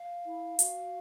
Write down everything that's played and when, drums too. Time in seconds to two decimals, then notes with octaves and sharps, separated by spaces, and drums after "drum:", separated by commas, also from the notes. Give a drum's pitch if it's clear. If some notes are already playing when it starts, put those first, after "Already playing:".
Already playing: F5
0.25 E4
0.59 F#4, drum: hi-hat